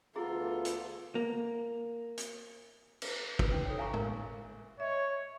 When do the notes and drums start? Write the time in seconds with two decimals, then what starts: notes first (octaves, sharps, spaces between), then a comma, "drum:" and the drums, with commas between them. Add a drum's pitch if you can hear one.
0.16 D2 B3 E4 F4 G#4 A4 A#5
0.65 drum: hi-hat
1.15 A#3
2.17 drum: hi-hat
3.02 drum: cymbal
3.39 B4, drum: kick
3.52 C#4 D#4
3.66 A4 C#5
3.78 E5 F5 G#5 A#5 B5 C#6
3.94 A#4 C#6, drum: tom A2
4.80 C#5 D#5 E5